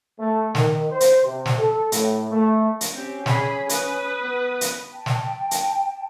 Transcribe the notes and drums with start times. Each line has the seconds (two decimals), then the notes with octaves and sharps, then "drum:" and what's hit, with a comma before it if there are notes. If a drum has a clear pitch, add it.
0.19 A3
0.55 D#3, drum: snare
0.91 C5
1.00 drum: hi-hat
1.24 C3
1.46 drum: snare
1.58 A4
1.92 A2, drum: hi-hat
2.31 A3
2.81 drum: hi-hat
2.94 C4 C#4 G4
3.26 G#4 B5, drum: snare
3.69 B4 D#6, drum: hi-hat
4.22 B3
4.61 drum: hi-hat
4.91 G5 A5
5.06 drum: snare
5.51 drum: hi-hat